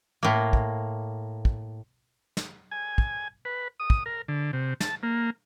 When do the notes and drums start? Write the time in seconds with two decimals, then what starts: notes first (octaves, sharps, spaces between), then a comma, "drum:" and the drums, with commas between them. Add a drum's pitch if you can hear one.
0.23 A2 A#3
0.53 drum: kick
1.45 drum: kick
2.37 drum: snare
2.71 G#5
2.98 drum: kick
3.45 B4
3.80 D#6
3.90 drum: kick
4.06 A#4
4.28 D3
4.53 C3
4.80 A5, drum: snare
5.03 A#3